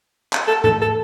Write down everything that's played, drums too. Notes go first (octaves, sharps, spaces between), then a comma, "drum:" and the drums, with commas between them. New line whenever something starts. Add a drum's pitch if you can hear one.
drum: clap
A4
A4, drum: tom G#2
A4